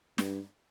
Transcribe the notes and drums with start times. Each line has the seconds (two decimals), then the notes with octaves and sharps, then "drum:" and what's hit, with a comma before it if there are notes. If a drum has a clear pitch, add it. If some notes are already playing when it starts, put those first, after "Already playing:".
0.18 G2, drum: snare